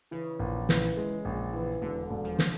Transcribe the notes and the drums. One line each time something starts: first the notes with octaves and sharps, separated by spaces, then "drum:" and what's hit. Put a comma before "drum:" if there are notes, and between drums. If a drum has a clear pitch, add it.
C#3 E3
A#1
E3, drum: snare
G#3
A#1
E3
E1 D3
E1
F3
drum: snare